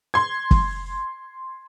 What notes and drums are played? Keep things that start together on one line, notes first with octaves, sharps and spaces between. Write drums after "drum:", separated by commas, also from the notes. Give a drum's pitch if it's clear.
C6 G#6
drum: kick F#1